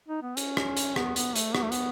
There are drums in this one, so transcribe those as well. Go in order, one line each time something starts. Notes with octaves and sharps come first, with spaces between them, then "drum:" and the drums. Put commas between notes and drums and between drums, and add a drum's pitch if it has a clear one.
D#4
B3
C#4, drum: hi-hat
drum: rim click
drum: hi-hat
B3, drum: rim click
B3, drum: hi-hat
A3, drum: hi-hat
B3, drum: rim click
A3
B3, drum: hi-hat